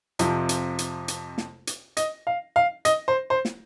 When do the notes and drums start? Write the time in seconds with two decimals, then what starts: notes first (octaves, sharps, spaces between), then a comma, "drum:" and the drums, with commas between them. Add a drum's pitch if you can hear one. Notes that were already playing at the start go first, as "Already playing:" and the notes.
0.19 F2 C3 F3, drum: hi-hat
0.49 drum: hi-hat
0.79 drum: hi-hat
1.08 drum: hi-hat
1.38 drum: snare
1.67 drum: hi-hat
1.97 D#5, drum: hi-hat
2.27 F5
2.56 F5
2.85 D#5, drum: hi-hat
3.08 C5
3.30 C5
3.45 drum: snare